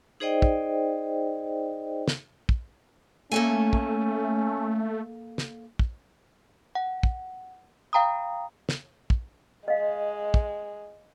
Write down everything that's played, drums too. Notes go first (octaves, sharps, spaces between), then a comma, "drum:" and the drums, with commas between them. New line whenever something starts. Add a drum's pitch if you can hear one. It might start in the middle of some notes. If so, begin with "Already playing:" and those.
D#4 G#4 C5 D5 D#5 G5
drum: kick
drum: snare
drum: kick
A3 A#3 C#4 A4 G#5
drum: kick
drum: snare
drum: kick
F#5
drum: kick
F5 G5 A#5 B5 D#6
drum: snare
drum: kick
G#3 D#5 F5
drum: kick